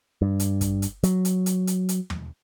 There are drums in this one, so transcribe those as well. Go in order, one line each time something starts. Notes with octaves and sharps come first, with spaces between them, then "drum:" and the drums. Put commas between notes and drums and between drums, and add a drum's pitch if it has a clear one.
G2
drum: hi-hat
drum: kick, hi-hat
drum: hi-hat
F#3, drum: hi-hat
drum: hi-hat
drum: hi-hat
drum: hi-hat
drum: hi-hat
drum: tom